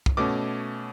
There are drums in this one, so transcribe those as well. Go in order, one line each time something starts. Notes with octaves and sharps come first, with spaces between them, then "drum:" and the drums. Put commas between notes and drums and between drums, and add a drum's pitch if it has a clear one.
drum: kick
B2 A3 C#4 D6